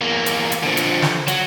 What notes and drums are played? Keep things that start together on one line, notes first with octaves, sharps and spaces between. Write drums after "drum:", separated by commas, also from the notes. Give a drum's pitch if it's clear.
E2 A#3
drum: hi-hat
drum: hi-hat
D3 F3
drum: hi-hat
drum: snare
F#3, drum: hi-hat